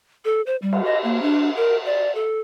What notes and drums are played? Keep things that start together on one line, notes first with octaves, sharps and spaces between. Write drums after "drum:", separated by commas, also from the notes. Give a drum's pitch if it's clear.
A4
C5
G3
drum: cymbal
D#5
A#3
D4
A#4
D5
A4